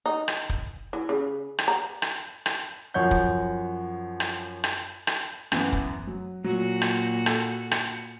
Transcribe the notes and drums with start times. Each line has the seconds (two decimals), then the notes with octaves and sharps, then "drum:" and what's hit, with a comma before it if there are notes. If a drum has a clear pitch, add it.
0.06 D#4
0.28 drum: rim click
0.50 drum: kick
0.93 E3
1.09 C#3
1.58 drum: rim click
1.68 A#5
2.02 drum: rim click
2.46 drum: rim click
2.94 F#2 F3 C#5 F#5 G6
3.11 drum: kick
4.20 drum: rim click
4.64 drum: rim click
5.07 drum: rim click
5.52 F#2 E3 B3, drum: rim click
5.73 drum: kick
6.07 F#3
6.44 A#2 F#3 F#4
6.82 drum: rim click
7.26 A4, drum: rim click
7.71 C#7, drum: rim click